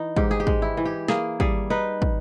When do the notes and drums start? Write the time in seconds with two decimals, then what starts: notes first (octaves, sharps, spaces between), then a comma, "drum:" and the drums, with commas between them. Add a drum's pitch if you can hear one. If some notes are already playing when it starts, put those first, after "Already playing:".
Already playing: E3 D#4
0.16 G#2 G4, drum: kick
0.31 G#4
0.40 G4
0.47 G#3, drum: kick
0.62 E4
0.77 E3
0.85 G4
1.08 A#3 G#4, drum: snare
1.40 G3 G#4, drum: kick
1.70 D#4 B4
2.02 drum: kick